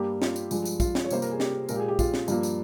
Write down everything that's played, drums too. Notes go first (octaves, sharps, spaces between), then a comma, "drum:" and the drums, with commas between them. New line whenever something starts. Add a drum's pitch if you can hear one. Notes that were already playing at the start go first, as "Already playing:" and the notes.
Already playing: G2 G3 A#3 G4
F4, drum: snare
drum: tambourine
G2 F3 G#3, drum: tambourine
drum: tambourine
F4, drum: kick, tambourine
drum: snare
C#5
C3 G3 A#3 C5, drum: tambourine
A#4, drum: tambourine
G#4
G4, drum: snare
A#2 G#3 A#4, drum: tambourine
G4
G#4
G4
F4, drum: kick, tambourine
drum: snare
G2 F3 A#3, drum: tambourine
drum: tambourine